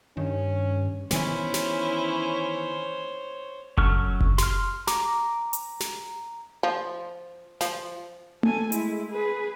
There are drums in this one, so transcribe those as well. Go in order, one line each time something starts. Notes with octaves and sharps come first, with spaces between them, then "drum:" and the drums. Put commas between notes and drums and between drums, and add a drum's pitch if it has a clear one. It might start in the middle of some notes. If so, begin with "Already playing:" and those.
G2 D#3 C#4
D#3 E3 B3 C#4 E4 C5 C#5, drum: snare
drum: snare
F#3 C#4 A4 C#6 F6, drum: kick F#1
drum: kick F#1
C6 F6, drum: snare
A#5 D6, drum: snare
drum: hi-hat
drum: snare
F3
F3, drum: snare
A4 G#5, drum: tom A3
G#3 E4, drum: hi-hat
G#4 B4